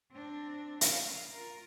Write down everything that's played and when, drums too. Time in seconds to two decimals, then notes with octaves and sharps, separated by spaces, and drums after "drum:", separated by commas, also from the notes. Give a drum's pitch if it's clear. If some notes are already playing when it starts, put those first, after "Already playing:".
0.12 C4 D4
0.81 F5, drum: hi-hat
1.32 F4 A#4